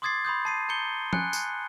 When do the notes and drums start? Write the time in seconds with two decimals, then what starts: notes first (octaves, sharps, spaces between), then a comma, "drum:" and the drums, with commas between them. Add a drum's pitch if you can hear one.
0.02 C6 D6 D#6 G#6 A6 C7
0.25 B5 C6 D#6 G6
0.45 A5 C7 D#7
0.69 A#5 G6 C#7 G7
1.13 G#5 F#6 C#7, drum: tom F3
1.33 drum: tambourine